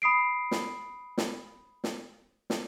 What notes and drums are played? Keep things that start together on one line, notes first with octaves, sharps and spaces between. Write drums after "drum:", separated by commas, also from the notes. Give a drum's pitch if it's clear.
B5 D#6 C7 D7
drum: snare
drum: snare
drum: snare
drum: snare